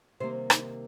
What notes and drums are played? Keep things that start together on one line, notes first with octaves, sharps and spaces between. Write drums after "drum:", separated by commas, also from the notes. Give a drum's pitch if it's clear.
C3 D#3 G3 A#3 C5
D#4, drum: rim click